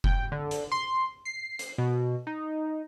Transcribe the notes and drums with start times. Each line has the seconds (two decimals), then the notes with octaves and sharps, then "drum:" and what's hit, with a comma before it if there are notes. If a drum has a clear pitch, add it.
0.04 G5, drum: kick F1
0.32 D3
0.51 drum: hi-hat
0.72 C6
1.25 C7
1.59 drum: hi-hat
1.78 B2
2.27 D#4